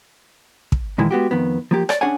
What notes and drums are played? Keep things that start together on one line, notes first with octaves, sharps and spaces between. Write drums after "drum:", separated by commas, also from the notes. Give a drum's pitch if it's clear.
drum: kick
A#2 D#3 E3 G#3
G#3 B3 F#4 G4
F2 D#3 B3
F3 A#3 G4
C#5 D5, drum: rim click
C#4 D4 G#4 C#5 F#5 G#5